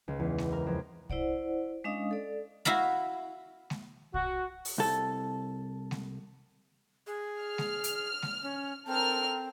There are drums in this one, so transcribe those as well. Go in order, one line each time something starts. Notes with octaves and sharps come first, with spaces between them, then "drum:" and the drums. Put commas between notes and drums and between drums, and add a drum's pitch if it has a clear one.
C#2
E2
drum: snare G#3
A#4
F2
E4 C5 D5 F#5, drum: kick
G#3 C#4 D4 D#5 F5 D#6
A4 D5
E4 F#4 F5 A#5 B5, drum: snare G#3
drum: snare G#3
F#4, drum: kick
drum: open hi-hat
C2 A4
drum: snare G#3
G#4
F6
drum: snare G#3
drum: hi-hat
drum: snare G#3
C#4
C4 A4 A#4 F6